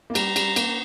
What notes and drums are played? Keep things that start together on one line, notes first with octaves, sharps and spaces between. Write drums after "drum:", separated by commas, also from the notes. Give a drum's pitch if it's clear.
A#3
G3 A#5, drum: cymbal
G3, drum: cymbal
A#3, drum: cymbal